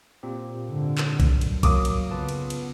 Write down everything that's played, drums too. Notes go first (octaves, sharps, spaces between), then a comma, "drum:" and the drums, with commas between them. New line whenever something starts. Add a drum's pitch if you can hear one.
A#2 C4 G4
G#2 D3
drum: clap
drum: kick B1, cymbal
F#2
drum: cymbal
F#3 A#3 A#4 D6 D#6, drum: kick B1, cymbal
drum: cymbal
C#3 B3 F4 B4 A5
drum: cymbal
drum: cymbal